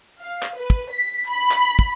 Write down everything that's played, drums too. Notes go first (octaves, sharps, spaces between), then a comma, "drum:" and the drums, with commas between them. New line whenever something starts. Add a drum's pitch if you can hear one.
F5
drum: clap
B4
drum: kick
B6
B5
drum: clap
drum: kick